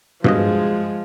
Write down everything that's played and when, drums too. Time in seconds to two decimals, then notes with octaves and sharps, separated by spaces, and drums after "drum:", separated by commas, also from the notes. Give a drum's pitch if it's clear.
0.24 G2 B2 F3 G#3 D#5, drum: tom